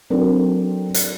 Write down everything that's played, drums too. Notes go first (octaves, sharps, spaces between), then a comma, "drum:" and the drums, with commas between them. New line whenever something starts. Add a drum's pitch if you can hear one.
F#3 C4 D4 A4 A#4
drum: hi-hat